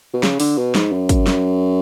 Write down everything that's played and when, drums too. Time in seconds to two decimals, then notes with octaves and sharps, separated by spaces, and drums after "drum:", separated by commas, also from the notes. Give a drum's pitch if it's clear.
0.13 B2
0.23 C#3, drum: snare
0.40 D3, drum: open hi-hat
0.58 B2
0.75 G#2, drum: snare
0.92 F#2
1.09 drum: kick, hi-hat
1.27 drum: snare